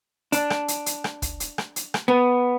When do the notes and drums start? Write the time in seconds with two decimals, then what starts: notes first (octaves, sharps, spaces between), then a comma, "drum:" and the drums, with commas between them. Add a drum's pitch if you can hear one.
0.32 D4, drum: hi-hat
0.50 drum: rim click
0.68 drum: hi-hat
0.86 drum: hi-hat
1.04 drum: rim click
1.22 drum: kick, hi-hat
1.40 drum: hi-hat
1.58 drum: rim click
1.76 drum: hi-hat
1.94 drum: rim click
2.08 B3